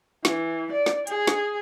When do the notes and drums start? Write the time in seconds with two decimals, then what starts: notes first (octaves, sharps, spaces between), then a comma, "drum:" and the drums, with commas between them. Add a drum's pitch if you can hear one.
0.25 E3, drum: snare
0.72 D5
0.86 drum: snare
1.07 G#4, drum: hi-hat
1.27 drum: snare